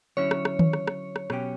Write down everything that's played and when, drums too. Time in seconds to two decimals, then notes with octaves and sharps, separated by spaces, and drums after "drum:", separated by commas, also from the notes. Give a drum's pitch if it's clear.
0.17 D3 F#3 C#4 E4 C#5
0.31 drum: rim click
0.45 drum: rim click
0.59 drum: tom D#3
0.73 drum: rim click
0.87 drum: rim click
1.16 drum: rim click
1.30 B2 F#3 C#4 G4, drum: rim click